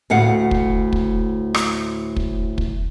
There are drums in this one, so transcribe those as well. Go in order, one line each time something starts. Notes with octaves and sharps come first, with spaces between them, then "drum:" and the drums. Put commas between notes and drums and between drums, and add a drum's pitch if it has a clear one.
D2 A2 F5 F#5
drum: kick
drum: kick
drum: rim click
drum: kick
drum: kick